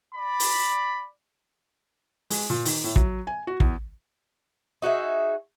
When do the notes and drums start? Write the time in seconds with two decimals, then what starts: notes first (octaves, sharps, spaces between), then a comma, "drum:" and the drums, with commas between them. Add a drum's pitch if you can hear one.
0.15 D5 B5
0.40 drum: open hi-hat
2.30 G#3, drum: open hi-hat
2.50 A#2
2.65 D#3, drum: open hi-hat
2.84 A2
2.96 F#3, drum: kick
3.27 G#5
3.47 F#4
3.60 E2, drum: kick
4.82 D#4 F#4 G#4 E5